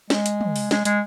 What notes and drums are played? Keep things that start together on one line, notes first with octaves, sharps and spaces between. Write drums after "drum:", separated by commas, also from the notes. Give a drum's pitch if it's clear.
G#3, drum: snare
drum: hi-hat
drum: tom
drum: open hi-hat
G#3, drum: snare
G#3, drum: hi-hat